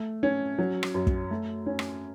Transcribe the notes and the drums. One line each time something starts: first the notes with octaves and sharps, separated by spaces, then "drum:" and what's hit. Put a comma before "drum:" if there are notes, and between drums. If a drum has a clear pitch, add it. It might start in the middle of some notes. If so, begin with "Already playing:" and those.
Already playing: A3
C#4
F#3
drum: rim click
F#2
drum: kick
A3
C#4
drum: rim click